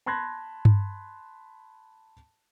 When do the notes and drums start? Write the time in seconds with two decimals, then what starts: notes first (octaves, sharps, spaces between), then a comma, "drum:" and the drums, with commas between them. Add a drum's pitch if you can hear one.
0.06 A5 B5 C6 F#6 G#6 A#6
0.65 drum: tom G2